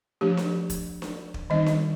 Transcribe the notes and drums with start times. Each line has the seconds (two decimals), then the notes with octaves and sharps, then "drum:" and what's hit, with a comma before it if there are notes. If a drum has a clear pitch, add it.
0.21 F3 A3 D4 G4
0.37 drum: snare D4
0.70 drum: kick, hi-hat
1.02 drum: snare D4
1.34 drum: kick
1.50 D#3 G3 C4 D#4 D#5
1.66 drum: snare D4